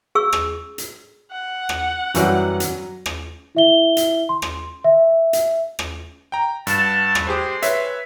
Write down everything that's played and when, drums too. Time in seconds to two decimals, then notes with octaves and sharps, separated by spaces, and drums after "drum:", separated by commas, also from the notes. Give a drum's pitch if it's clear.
0.15 G#4 C#6 E6
0.33 drum: rim click
0.78 drum: hi-hat
1.33 F#5
1.69 drum: rim click
2.15 F#2 E3 F#3 G3 F#4, drum: hi-hat
2.60 drum: hi-hat
3.06 drum: rim click
3.55 E4 E5 G7
3.97 drum: hi-hat
4.29 C6
4.42 drum: rim click
4.84 E5
5.33 drum: hi-hat
5.79 drum: rim click
6.32 G5 A#5
6.67 G2 F#5 A5 E7, drum: hi-hat
7.15 drum: rim click
7.27 G#3 C4 G4 G#4 C5 C6
7.62 B4 C#5 E5, drum: hi-hat